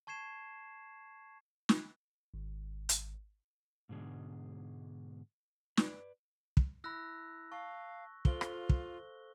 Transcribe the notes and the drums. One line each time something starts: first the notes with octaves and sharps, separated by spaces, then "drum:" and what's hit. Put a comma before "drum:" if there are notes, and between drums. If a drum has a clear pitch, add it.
A5 C#6 G#6 C7 E7
drum: snare
G#1
drum: hi-hat
G#2 B2 D3 G#3
B4 D5, drum: snare
drum: kick
E4 B5 E6 F#6 A#6
F5 A5 C#6
F4 A4 C5 F5 G7, drum: kick
drum: rim click
drum: kick